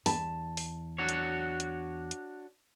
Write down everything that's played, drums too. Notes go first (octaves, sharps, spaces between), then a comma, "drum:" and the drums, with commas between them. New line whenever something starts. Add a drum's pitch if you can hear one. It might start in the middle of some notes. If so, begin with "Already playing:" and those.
E2 A5 B5, drum: open hi-hat
drum: open hi-hat
D4 F#4 C#5
drum: hi-hat
drum: hi-hat
drum: hi-hat